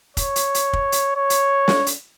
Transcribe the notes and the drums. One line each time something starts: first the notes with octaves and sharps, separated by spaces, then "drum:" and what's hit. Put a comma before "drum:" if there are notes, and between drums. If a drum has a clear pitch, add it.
C#5, drum: kick, hi-hat
drum: hi-hat
drum: hi-hat
drum: kick
drum: hi-hat
C#5
drum: hi-hat
drum: snare
drum: hi-hat